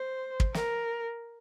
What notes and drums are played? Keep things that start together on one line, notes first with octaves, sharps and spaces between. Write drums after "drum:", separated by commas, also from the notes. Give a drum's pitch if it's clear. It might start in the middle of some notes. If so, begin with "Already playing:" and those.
Already playing: C5
drum: kick
A#4, drum: snare